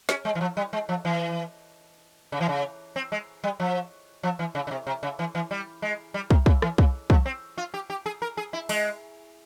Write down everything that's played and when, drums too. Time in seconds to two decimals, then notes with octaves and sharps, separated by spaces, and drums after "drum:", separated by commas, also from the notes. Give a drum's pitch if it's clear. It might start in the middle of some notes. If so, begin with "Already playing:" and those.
0.09 C#4, drum: snare
0.25 G#3
0.35 E3
0.41 F3
0.57 G3
0.73 G#3
0.89 F3
1.05 E3
2.32 C#3
2.41 E3
2.49 C#3
2.96 C4
3.12 G#3
3.44 G3
3.60 F3
4.23 F3
4.39 E3
4.55 C#3
4.67 C#3
4.71 C3
4.87 C3
5.03 C#3
5.19 E3
5.35 E3
5.51 G3
5.82 G#3
6.14 G3
6.30 C3, drum: kick
6.46 C#3, drum: kick
6.62 E3, drum: rim click
6.78 C#3, drum: kick
7.10 F3, drum: kick
7.26 C4
7.58 F4
7.74 G4
7.90 G4
8.06 G#4
8.22 A#4
8.37 G#4
8.53 E4
8.69 G#3, drum: open hi-hat